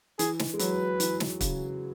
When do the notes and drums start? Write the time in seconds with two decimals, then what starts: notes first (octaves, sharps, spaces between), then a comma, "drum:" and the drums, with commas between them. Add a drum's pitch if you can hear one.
0.19 E3 G#4, drum: hi-hat
0.39 drum: snare
0.54 G#3
0.59 F#3 B4, drum: hi-hat
1.00 E3, drum: hi-hat
1.20 drum: snare
1.41 C#3, drum: kick, hi-hat